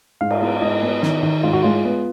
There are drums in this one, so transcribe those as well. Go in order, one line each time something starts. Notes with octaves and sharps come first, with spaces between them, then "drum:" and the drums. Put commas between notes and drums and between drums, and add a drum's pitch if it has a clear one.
G#2 F5
drum: cymbal
B3
G#2 D#5
B3
D#3, drum: snare
D#3
G#2 F4
F#4
G#3 F4
B3